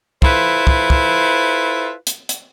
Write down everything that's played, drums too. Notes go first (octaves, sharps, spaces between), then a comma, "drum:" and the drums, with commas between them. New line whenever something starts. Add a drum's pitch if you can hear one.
E4 F4 A4 B4 C5, drum: kick
drum: kick
drum: kick
drum: hi-hat
drum: hi-hat